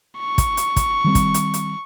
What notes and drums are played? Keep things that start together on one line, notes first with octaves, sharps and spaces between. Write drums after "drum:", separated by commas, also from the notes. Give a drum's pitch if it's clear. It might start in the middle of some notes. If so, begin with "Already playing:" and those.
C#6
drum: kick, hi-hat
drum: hi-hat
drum: kick, hi-hat
D#3 G3 C4
drum: kick, hi-hat
drum: hi-hat
drum: hi-hat